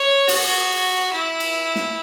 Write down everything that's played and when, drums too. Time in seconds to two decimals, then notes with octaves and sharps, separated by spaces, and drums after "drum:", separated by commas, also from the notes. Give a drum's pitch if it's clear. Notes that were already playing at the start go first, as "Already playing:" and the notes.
Already playing: C#5
0.28 F#4, drum: open hi-hat
1.12 E4
1.40 drum: cymbal
1.76 drum: snare